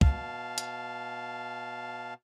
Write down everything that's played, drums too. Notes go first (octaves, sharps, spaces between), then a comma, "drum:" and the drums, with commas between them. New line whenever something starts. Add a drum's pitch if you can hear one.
B2 F5 A5, drum: kick
drum: hi-hat